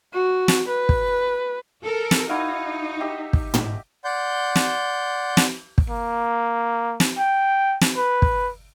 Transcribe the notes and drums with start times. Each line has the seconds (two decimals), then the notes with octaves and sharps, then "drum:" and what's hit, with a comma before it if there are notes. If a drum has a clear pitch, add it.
0.14 F#4
0.48 drum: snare
0.69 B4
0.89 drum: kick
1.83 A4 A#4
2.11 drum: snare
2.29 D#4 E4 F#4 F5
3.00 G4 D#5 E5
3.33 drum: kick
3.54 drum: tom
4.04 D5 F#5 C6 G6
4.56 drum: snare
5.37 drum: snare
5.78 drum: kick
5.90 A#3
7.00 drum: snare
7.18 G5
7.81 drum: snare
7.97 B4
8.22 drum: kick